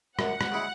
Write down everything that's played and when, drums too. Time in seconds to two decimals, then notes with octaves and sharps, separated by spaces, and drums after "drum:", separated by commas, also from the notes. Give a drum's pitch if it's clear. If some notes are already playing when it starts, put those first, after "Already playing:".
0.19 F#2 F#5, drum: rim click
0.41 drum: rim click
0.52 C#3 G#3 E4